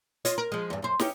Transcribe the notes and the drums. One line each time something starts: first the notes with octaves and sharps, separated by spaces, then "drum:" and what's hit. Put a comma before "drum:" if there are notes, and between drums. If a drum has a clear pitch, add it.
F4 C#5 D#5, drum: hi-hat
A#4
F3 G#3
E2 G2
F#2 C5
C#4 D#4 G4, drum: snare